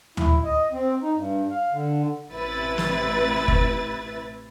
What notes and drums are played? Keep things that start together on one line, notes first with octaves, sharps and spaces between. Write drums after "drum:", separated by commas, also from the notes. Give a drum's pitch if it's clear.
E4, drum: tom
D#5
C4
D#4
G2
F5
D3
A1 C3 E4 B4 A6
drum: snare
drum: kick F#1